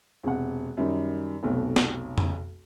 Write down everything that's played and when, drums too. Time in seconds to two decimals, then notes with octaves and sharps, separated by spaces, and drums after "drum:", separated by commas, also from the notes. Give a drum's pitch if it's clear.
0.23 E1 C3 F#5
0.77 F#2 D#3 G3 D#4
1.43 F1 B1 B2
1.76 drum: snare
2.18 drum: tom F2